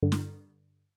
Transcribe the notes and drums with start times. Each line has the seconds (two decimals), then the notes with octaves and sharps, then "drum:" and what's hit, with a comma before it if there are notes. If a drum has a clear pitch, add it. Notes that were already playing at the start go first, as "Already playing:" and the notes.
0.03 G2 D3
0.12 drum: snare